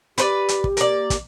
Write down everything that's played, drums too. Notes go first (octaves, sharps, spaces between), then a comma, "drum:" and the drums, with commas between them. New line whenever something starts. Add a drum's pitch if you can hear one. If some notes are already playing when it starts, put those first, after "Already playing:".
G4 B4 C5 D5, drum: hi-hat
drum: hi-hat
drum: kick
A#3 D5, drum: hi-hat
drum: kick, hi-hat